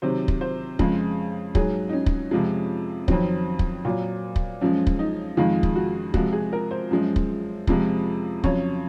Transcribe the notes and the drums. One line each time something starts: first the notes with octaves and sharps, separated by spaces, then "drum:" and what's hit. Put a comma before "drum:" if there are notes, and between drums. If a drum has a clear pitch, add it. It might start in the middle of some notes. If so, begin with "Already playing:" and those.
C3 D#3 F#3 C5
drum: kick
C5
F2 C#3 G#3, drum: kick
G#2 F#3 G#4, drum: kick
D#4
C#4
drum: kick
F2 C3 F3 G#3
F2 D#3 F#3 C4, drum: kick
drum: kick
A#2 F#3
drum: kick
F#2 F3 G#3 C#4
drum: kick
D#4
F2 D#3 G#3 F4
drum: kick
F#4
C3 F3 G#3 F#4, drum: kick
G#4
A#4
C5
F#2 F3 G#3
drum: kick
F2 C3 F3 G#3, drum: kick
F2 C#3 F#3 C#5, drum: kick